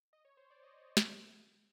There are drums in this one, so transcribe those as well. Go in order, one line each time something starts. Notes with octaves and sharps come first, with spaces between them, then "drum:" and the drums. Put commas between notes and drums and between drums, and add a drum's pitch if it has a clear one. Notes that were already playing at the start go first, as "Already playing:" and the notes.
D#5
C#5
C5
D5
D#5
C#5
C5, drum: snare
C5